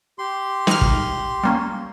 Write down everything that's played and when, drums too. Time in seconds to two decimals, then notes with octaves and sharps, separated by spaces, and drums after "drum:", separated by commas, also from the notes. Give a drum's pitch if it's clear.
0.19 G4 C6
0.67 D#4 F6, drum: snare
0.81 drum: kick
1.44 G3 A#3 C#4